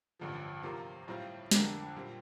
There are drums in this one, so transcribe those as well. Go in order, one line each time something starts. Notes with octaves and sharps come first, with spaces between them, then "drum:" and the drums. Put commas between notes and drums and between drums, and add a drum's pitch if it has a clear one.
A1 G2 D3 F3
C3 F3 A#3 F4 C5
A2 G3 C4 F4
F2 D3 G3 A#3 D4, drum: snare
A#2 G3 C4